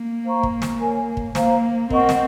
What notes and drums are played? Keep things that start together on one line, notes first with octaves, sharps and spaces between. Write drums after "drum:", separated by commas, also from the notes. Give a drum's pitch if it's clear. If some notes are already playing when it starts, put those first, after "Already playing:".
Already playing: A#3
C5 F5 A#5 C#6
drum: kick
drum: snare
A#4 C#5 G#5
drum: kick
A#3 C5 F5 A#5, drum: snare
C4 A#4 D#5 F#5 C#6, drum: kick
drum: snare